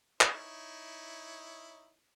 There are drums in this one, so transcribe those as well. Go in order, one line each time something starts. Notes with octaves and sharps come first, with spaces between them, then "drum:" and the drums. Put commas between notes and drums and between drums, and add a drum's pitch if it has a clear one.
D#4 E4 C#5, drum: clap